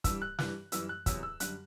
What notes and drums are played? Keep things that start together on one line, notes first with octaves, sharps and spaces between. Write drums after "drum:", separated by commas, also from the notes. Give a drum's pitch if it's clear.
G2 E3 G3 E6, drum: kick, hi-hat
F#6
G2 E3 G3 F#6, drum: snare
F#2 E3 G3 E6, drum: hi-hat
F#6
E2 C3 F#3 E6, drum: kick, hi-hat
E6
F#2 D3 G3 F#6, drum: hi-hat